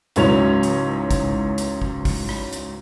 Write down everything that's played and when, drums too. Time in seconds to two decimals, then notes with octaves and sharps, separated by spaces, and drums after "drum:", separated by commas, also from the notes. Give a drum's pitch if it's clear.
0.16 C#2 G#2 F#3 C#4 E4 F7, drum: hi-hat
0.63 drum: hi-hat
1.11 drum: kick, hi-hat
1.58 drum: hi-hat
1.82 drum: kick
2.05 drum: kick, open hi-hat
2.29 drum: rim click
2.53 drum: hi-hat